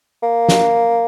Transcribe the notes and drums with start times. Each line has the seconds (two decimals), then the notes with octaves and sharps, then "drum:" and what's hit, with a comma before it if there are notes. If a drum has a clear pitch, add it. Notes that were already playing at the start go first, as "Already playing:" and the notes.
0.23 A#3
0.49 drum: snare